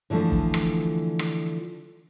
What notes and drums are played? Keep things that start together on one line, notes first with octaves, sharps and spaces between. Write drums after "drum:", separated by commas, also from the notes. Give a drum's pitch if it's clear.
D3 E3 F3 A3
drum: kick
drum: rim click
drum: rim click